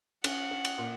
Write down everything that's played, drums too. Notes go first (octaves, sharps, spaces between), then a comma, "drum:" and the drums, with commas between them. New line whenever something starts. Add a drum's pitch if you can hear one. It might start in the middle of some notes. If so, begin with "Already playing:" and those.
C#4 F#5, drum: cymbal
C#4
drum: cymbal
A#2